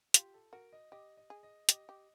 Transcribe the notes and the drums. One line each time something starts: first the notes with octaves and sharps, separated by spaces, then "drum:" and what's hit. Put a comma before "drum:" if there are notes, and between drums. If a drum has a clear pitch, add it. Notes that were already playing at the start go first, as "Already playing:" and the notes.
F4 G4, drum: hi-hat
A4
F#4 A#4
D#5
G4 D#5
D#5
G#4
D#5
G4 D#5, drum: hi-hat
G4